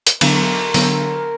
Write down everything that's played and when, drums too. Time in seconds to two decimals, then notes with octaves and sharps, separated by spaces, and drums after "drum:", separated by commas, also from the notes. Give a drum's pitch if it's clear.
0.07 drum: hi-hat
0.21 D3 F#3 B3 D4 A#4, drum: cymbal
0.74 D3 F#3 B3 D4, drum: open hi-hat